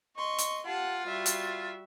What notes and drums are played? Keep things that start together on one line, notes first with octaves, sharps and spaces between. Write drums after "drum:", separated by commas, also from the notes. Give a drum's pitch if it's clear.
D#5 C6 C#6
drum: hi-hat
F4 G4 F#5 A5
G3 F#4 E5
drum: hi-hat